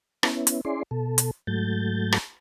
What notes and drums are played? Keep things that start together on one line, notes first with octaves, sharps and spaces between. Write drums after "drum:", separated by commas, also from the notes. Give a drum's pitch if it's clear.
B3 C#4 E4, drum: rim click
drum: hi-hat
C#4 E4 G#4 D5 C6
B2 A4
drum: hi-hat
G#2 F#3 A3 G6 A6
drum: rim click